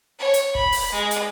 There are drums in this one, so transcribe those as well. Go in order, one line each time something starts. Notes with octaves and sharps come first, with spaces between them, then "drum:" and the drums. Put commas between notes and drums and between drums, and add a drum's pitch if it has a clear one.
C#5
drum: hi-hat
B5, drum: kick
drum: open hi-hat
G#3
drum: hi-hat